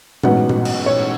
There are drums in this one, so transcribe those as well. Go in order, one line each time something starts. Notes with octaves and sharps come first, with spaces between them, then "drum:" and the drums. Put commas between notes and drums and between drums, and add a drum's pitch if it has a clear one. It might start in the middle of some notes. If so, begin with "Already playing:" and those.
A1 G#2 F#3 B3 F#5, drum: tom A#2
drum: tom A#2
drum: cymbal
C#5